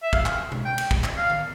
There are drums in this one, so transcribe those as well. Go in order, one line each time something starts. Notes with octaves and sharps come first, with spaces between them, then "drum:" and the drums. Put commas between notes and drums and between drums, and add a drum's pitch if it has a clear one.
E5
F5, drum: kick
drum: clap
drum: tom B2
G5
drum: cymbal
drum: kick
drum: clap
F5
drum: tom D#3